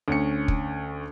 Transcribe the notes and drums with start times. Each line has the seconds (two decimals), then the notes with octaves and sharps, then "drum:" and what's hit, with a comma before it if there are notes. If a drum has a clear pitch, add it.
0.08 D2 C#4 C#7
0.48 drum: kick